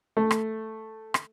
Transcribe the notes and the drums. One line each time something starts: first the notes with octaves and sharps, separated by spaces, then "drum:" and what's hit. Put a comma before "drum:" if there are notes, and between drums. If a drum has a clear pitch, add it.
A3
drum: rim click
drum: rim click